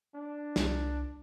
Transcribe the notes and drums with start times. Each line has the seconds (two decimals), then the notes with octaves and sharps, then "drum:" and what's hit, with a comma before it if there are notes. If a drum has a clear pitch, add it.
0.15 D4
0.56 C2, drum: snare